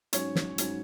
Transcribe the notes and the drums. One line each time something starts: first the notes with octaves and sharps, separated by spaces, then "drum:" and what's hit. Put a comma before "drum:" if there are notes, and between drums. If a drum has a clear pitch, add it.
G#2 F#3 C#4 C#5, drum: hi-hat
drum: snare
G#2 F#3 C#4, drum: hi-hat